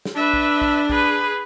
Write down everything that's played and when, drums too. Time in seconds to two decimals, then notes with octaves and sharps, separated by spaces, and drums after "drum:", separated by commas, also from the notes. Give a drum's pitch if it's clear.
0.05 drum: snare
0.15 D4 B4 E5
0.33 drum: kick
0.62 drum: kick
0.90 G#4 B4, drum: kick